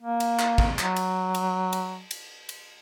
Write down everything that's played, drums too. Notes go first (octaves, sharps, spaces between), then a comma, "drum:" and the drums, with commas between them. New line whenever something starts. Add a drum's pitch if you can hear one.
A#3
drum: cymbal
drum: clap
drum: kick
F#3, drum: clap
drum: cymbal
drum: cymbal
drum: cymbal
drum: cymbal
drum: cymbal